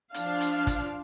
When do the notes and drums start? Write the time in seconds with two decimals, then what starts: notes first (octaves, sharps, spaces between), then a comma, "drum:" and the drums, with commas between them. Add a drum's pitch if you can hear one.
0.14 F3 D4 F5, drum: hi-hat
0.41 drum: hi-hat
0.67 drum: kick, hi-hat